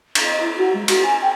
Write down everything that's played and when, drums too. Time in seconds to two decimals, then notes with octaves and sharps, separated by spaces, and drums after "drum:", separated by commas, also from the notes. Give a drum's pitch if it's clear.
0.15 drum: cymbal
0.25 D#5
0.40 E4
0.58 F#4
0.74 G#3
0.88 F#4, drum: cymbal
1.03 G#5
1.22 G5